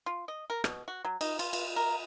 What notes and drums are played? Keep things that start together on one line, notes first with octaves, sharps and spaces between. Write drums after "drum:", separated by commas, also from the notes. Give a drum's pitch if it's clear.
F4
D#5
A#4
B2, drum: rim click
F#4
F#3
D#4, drum: cymbal
F4, drum: cymbal
drum: cymbal
A#4